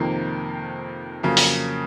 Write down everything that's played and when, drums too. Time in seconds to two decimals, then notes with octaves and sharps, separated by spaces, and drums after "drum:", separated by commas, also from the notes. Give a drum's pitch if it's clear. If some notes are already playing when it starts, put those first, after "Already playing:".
Already playing: F2 C3 D#3 A#3
1.23 F2 C#3 F#3 A#3
1.37 drum: open hi-hat